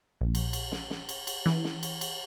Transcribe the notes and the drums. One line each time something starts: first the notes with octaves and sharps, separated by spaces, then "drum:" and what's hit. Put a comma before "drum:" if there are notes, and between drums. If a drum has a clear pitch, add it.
A#1
drum: cymbal
drum: cymbal
drum: snare
drum: snare
drum: cymbal
drum: cymbal
E3, drum: snare
drum: snare
drum: cymbal
drum: cymbal